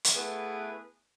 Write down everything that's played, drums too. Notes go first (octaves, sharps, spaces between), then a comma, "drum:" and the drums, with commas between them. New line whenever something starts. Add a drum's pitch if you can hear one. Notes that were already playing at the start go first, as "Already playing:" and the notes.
drum: hi-hat
A3 B3 E4 G#4 B4